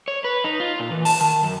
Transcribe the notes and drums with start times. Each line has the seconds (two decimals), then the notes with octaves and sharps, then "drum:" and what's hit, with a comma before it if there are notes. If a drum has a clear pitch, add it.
0.08 C#5
0.24 B4
0.44 D#4
0.60 F4
0.80 A#2
0.92 E3
1.05 A5, drum: open hi-hat
1.21 D#3
1.44 F#2